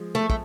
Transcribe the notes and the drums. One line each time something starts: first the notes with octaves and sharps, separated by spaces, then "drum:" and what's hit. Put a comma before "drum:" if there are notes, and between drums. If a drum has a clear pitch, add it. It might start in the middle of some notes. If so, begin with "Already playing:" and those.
Already playing: F3 G#3
A3
A3, drum: kick